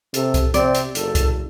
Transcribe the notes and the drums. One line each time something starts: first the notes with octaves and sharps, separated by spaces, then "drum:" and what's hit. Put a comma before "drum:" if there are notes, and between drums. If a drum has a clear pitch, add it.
C3 A4, drum: hi-hat
drum: kick C2, hi-hat
C3 C4 D5, drum: hi-hat
drum: hi-hat
F#1 A4, drum: hi-hat
drum: kick C2, hi-hat